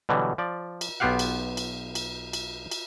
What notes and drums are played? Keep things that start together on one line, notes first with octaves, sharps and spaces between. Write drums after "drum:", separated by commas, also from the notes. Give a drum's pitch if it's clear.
B2 D3 E3 F#3 G3
F3 D5
drum: cymbal
B1 B3 F4 G4 F5 F#5
drum: cymbal
drum: cymbal
drum: cymbal
drum: cymbal
drum: cymbal